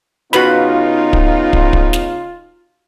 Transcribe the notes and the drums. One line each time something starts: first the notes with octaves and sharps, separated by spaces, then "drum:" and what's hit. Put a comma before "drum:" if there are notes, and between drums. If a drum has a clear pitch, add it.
C#3 B3 D#4 F4 F#4 B4 B5, drum: snare
drum: kick
drum: kick
drum: kick
drum: snare